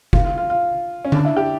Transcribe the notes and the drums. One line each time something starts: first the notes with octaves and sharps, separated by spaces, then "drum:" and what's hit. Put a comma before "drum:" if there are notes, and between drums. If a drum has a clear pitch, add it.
F4, drum: kick F1
F4
F4
F4
C#4
D4, drum: tom D3
E4
G4